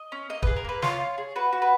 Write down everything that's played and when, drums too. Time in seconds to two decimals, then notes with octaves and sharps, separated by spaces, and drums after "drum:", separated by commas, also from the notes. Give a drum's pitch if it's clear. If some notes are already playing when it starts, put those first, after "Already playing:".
Already playing: D#5
0.12 C#4
0.30 A#3 D#5
0.43 G#4 B4, drum: kick
0.56 A#4
0.65 A#3 B4
0.82 F4 C#5, drum: snare
1.00 F4
1.18 G#4
1.36 F#4 B4
1.53 F#4
1.62 B4